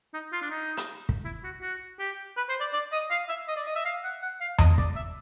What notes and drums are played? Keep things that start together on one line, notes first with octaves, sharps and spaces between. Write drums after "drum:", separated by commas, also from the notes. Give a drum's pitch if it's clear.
D#4
F4
D4
D#4
drum: hi-hat
drum: kick
E4
F#4
F#4
G4
B4
C5
D5
D5
D#5
F5
E5
D#5
D5
D#5
E5
F5
F#5
F#5
F5
D#5, drum: tom E2
D5, drum: kick
E5